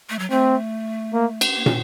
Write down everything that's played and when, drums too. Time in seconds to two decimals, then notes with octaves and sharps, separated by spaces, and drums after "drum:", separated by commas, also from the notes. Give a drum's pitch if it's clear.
0.10 A3
0.19 F#3
0.30 A3 C4
1.14 A#3
1.41 drum: cymbal
1.56 A#3
1.66 C#4, drum: tom